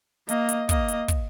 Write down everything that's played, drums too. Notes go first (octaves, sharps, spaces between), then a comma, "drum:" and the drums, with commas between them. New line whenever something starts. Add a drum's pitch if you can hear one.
A#3 D#5, drum: hi-hat
drum: hi-hat
A#3 D#5, drum: kick, hi-hat
drum: hi-hat
drum: kick, hi-hat